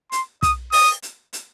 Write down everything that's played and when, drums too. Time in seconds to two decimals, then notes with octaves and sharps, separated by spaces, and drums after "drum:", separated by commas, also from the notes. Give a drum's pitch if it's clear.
0.12 C6, drum: hi-hat
0.43 D#6, drum: kick, hi-hat
0.72 D#6, drum: open hi-hat
1.03 drum: hi-hat
1.33 drum: hi-hat